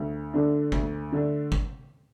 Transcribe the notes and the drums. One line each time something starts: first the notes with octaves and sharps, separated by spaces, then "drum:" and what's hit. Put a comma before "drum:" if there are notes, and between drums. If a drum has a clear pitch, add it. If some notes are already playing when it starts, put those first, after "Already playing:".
Already playing: D2
D3 A3 D4
D2, drum: kick
D3 A3 D4
drum: kick